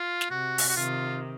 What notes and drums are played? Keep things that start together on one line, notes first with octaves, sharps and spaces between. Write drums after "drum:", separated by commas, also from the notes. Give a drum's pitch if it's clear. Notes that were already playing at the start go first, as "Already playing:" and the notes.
Already playing: F4
drum: snare
C3 F#4
drum: open hi-hat
F#4
C3 D#3 F4